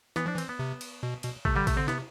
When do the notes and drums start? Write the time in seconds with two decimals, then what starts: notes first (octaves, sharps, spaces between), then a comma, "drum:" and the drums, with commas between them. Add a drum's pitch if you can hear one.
0.16 E3 B3, drum: snare
0.26 F3 D4
0.35 E3
0.38 C4, drum: cymbal
0.49 B3
0.59 C3
0.81 drum: cymbal
1.03 B2
1.23 B2, drum: cymbal
1.45 C3 A3, drum: kick
1.56 D3 G3
1.67 C3 A3, drum: kick, cymbal
1.77 D3 C4
1.88 C3 B3, drum: snare